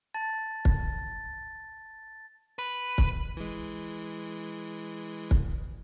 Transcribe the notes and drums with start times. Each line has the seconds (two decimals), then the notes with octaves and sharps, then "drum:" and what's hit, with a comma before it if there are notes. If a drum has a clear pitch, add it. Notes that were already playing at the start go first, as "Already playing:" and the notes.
0.14 A5 A6
0.65 drum: kick
2.59 B4
2.98 drum: kick
3.37 E3 G#3
5.31 drum: kick